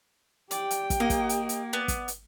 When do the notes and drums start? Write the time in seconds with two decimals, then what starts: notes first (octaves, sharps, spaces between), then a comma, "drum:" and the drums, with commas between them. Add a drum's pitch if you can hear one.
0.51 G4 D5 G5, drum: hi-hat
0.71 drum: hi-hat
0.90 drum: kick, hi-hat
1.00 A#3 D#5
1.10 drum: kick, hi-hat
1.29 drum: hi-hat
1.49 drum: hi-hat
1.73 B3 D5
1.88 drum: kick, hi-hat
2.08 drum: hi-hat